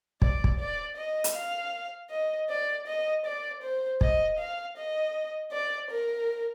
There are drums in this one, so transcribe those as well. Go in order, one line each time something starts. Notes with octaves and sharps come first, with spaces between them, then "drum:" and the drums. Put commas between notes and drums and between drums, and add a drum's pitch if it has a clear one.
D5, drum: kick
drum: kick
D5
D#5
drum: hi-hat
F5
D#5
D5
D#5
D5
C5
D#5, drum: kick
F5
D#5
D5
A#4